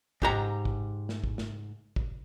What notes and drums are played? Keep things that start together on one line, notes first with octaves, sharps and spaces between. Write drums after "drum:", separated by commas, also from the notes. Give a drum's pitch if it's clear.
G#2 G4 A#5, drum: kick
drum: kick
drum: snare
drum: kick
drum: snare
drum: kick